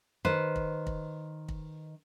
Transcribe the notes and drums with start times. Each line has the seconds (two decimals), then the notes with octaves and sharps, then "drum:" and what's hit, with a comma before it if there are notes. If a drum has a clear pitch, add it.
0.25 D#3 B4 C5
0.56 drum: kick
0.87 drum: kick
1.49 drum: kick